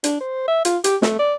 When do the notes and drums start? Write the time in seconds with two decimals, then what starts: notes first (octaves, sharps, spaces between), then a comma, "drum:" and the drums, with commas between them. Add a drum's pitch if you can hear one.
0.04 D4, drum: hi-hat
0.21 C5
0.48 E5
0.65 F4, drum: hi-hat
0.84 G4, drum: hi-hat
1.02 A3, drum: snare
1.19 D5